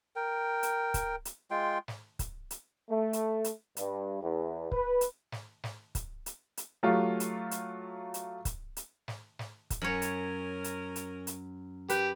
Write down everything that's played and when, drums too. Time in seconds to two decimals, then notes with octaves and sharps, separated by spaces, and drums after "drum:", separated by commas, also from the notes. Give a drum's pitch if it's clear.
0.16 A#4 G5
0.63 drum: hi-hat
0.94 drum: kick, hi-hat
1.25 drum: hi-hat
1.51 G#3 F4 G5 C6
1.88 drum: snare
2.19 drum: kick, hi-hat
2.51 drum: hi-hat
2.87 A3
3.13 drum: hi-hat
3.44 drum: hi-hat
3.77 G2, drum: hi-hat
4.21 E2
4.72 B4, drum: kick
5.01 drum: hi-hat
5.32 drum: snare
5.64 drum: snare
5.95 drum: kick, hi-hat
6.26 drum: hi-hat
6.57 drum: hi-hat
6.83 F#3 A3 F4 G4
7.20 drum: hi-hat
7.51 drum: hi-hat
8.14 drum: hi-hat
8.45 drum: kick, hi-hat
8.77 drum: hi-hat
9.08 drum: snare
9.39 drum: snare
9.70 drum: kick, hi-hat
9.82 F#2 C#4 A#4 C#5
10.02 drum: hi-hat
10.64 drum: hi-hat
10.96 drum: hi-hat
11.27 drum: hi-hat
11.90 G4 B4, drum: hi-hat